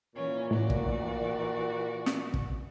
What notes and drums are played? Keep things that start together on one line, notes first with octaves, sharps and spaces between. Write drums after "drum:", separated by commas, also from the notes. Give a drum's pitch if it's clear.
A#2 E3 C#4
A2 E3 F#4 D5
drum: kick
drum: snare
drum: kick